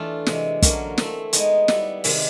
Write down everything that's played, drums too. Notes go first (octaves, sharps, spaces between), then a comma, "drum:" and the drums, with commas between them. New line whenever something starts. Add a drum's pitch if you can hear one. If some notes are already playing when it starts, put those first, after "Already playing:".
Already playing: E3 A3 D4 F4
C3 E3 G#3, drum: snare
D3 F#3 A#3 C#4, drum: kick, hi-hat
A3 C4 E4, drum: snare
G#3 B3 D#4 G#4, drum: hi-hat
G3 B3 E4, drum: snare
C3 D#3 G#3 C4, drum: open hi-hat